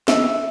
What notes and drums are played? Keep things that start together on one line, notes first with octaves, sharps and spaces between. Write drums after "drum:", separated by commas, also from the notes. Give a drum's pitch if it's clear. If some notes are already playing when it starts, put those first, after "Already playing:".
E5, drum: snare